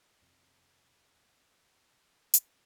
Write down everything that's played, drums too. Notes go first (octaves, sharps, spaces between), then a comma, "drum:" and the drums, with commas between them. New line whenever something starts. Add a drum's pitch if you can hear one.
F2 C3
drum: hi-hat